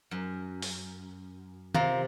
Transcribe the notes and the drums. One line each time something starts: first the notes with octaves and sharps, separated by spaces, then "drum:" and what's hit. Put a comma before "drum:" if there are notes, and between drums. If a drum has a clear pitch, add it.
F#2
drum: open hi-hat
C3 F4 A#4, drum: tom